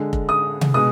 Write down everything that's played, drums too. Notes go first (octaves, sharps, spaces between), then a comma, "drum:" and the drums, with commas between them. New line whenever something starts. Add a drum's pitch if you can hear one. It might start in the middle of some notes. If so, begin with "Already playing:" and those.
Already playing: D3 G#3
drum: kick F1
D#6
drum: tom C3
B2 G#3 D#6